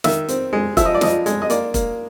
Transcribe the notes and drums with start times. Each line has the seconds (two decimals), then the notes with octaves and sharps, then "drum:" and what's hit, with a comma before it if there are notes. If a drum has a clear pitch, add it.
0.04 D#3 E5, drum: snare
0.28 C4, drum: hi-hat
0.53 G#3
0.77 F3 E5, drum: kick E1, hi-hat
0.85 D#5
0.94 D5
1.01 F3 D#5, drum: snare
1.26 G#3, drum: hi-hat
1.42 D#5
1.50 A#3 D5, drum: hi-hat
1.74 A#3, drum: kick E1, hi-hat